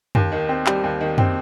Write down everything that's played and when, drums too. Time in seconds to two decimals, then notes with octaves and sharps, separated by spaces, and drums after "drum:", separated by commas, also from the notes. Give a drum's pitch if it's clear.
0.15 D#2, drum: tom
0.32 D#3
0.49 C4
0.67 G3, drum: clap
0.83 D#2
1.01 D#3
1.18 C4, drum: tom